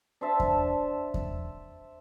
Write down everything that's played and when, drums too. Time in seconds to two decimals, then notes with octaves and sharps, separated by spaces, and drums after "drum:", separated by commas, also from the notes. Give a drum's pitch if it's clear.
0.21 D4 C5 E5 A5
0.40 drum: kick E2
1.14 drum: kick E2